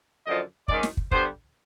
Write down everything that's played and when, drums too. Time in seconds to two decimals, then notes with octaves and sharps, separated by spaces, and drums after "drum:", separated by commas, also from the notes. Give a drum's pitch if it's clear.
0.26 F#2 D3 F3 D#5
0.68 G#2 D#3 G#3 C#4 D5, drum: kick
0.83 drum: snare
0.97 drum: kick
1.11 D3 G3 B3 C5, drum: kick